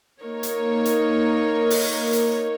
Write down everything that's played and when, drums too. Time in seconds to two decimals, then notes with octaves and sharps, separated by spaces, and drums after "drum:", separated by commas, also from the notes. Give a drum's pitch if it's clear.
0.21 A#3 D#4 A#4 C#5
0.43 drum: hi-hat
0.85 drum: hi-hat
1.70 drum: open hi-hat
2.13 drum: hi-hat